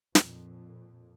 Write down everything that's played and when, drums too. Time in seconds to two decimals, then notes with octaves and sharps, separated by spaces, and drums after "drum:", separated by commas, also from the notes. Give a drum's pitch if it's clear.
0.15 F2 A#2, drum: snare